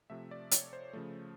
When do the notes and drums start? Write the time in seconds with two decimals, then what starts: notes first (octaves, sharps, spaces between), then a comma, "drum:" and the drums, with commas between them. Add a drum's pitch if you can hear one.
0.10 C3 F3 A3 E5
0.31 D5
0.51 C#5, drum: hi-hat
0.73 C5
0.93 C#3 F3 A3